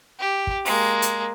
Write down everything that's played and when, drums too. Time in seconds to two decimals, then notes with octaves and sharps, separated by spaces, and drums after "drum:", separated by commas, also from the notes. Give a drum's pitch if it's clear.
0.20 G4
0.47 drum: kick
0.65 G#3 A#3, drum: open hi-hat
1.02 drum: hi-hat